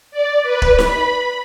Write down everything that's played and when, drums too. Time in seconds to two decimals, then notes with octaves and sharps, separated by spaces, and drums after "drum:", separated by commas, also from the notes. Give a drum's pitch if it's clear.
0.11 D5
0.43 B4
0.62 drum: kick
0.78 B5, drum: snare D#4